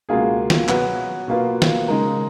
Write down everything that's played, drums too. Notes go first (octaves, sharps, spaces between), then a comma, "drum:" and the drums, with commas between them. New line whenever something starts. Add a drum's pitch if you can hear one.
C#2 B2 A#3 F4 G#4
drum: snare
B2 F#3 B3 F#4 B4, drum: clap
B2 A#3 F4 B4
drum: snare
C#3 G#3 D#4 A#4